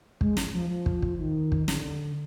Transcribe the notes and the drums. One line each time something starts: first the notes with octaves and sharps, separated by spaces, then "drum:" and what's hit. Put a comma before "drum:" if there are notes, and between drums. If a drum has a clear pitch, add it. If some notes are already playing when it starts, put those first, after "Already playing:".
G#3, drum: kick
drum: snare
F3
F3
drum: kick
drum: kick
D#3
drum: kick
D3, drum: snare